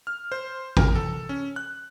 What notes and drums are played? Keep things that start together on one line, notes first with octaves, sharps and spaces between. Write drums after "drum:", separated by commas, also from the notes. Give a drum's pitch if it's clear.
F6
C5
A#4, drum: kick G#1
A4
C#4
F#6